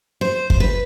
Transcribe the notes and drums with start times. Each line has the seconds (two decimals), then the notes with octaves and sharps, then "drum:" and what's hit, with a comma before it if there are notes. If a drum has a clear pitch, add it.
0.21 C5
0.50 C5, drum: kick
0.60 B4